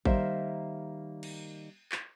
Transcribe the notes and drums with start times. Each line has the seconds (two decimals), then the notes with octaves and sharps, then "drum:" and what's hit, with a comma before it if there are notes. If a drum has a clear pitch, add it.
0.05 D#3 G3 A#3 C5 E5, drum: kick A1
1.23 drum: cymbal
1.92 drum: clap